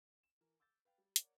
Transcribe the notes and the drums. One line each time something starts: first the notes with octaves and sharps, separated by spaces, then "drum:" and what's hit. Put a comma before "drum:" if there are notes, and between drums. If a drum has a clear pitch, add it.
E7
E3 A#4
D6 E6 G6 A6
B4 F5 G5
G3
A#4 C#5 D5 F#5, drum: hi-hat